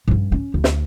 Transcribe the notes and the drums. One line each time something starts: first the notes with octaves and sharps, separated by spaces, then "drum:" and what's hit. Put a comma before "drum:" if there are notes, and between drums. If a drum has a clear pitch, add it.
G2 C#4
C#4
D2
drum: snare